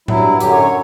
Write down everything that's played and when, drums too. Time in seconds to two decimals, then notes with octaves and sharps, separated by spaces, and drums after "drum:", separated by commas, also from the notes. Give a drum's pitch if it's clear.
0.08 G2 F#3 E4, drum: tom A2
0.40 F#2 D3 F#3 G4, drum: hi-hat
0.52 C#5
0.63 C#5